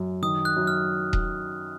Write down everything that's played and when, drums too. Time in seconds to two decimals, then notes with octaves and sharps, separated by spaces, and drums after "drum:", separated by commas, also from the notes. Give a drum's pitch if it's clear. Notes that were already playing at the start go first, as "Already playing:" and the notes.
Already playing: F#2
0.22 D#3 D#6
0.45 F#6
0.56 F#2
0.67 F6
1.13 drum: kick D#1